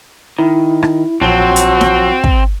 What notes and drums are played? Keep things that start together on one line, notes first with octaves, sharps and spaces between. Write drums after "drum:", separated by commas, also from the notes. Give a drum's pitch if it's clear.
D#3 E4
drum: rim click
A#1 F3 F#3 C4 F#4
drum: hi-hat
drum: snare
drum: kick